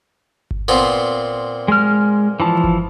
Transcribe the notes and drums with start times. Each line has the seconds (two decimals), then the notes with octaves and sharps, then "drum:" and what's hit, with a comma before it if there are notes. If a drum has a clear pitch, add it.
0.51 drum: kick G1
0.68 A#2 B3 C4
1.68 G#3 F6
2.40 E3 F3 A5
2.64 drum: kick G1